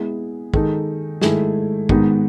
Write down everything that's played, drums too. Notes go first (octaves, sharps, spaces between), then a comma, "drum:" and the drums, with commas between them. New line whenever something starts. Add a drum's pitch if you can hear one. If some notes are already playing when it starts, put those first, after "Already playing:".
Already playing: G#3 B3 E4
D#3 G#3 D#4 A4, drum: kick
G#2 D#3 A3 E4 G#4, drum: snare
G#2 D#3 G#3 B3 D#4, drum: kick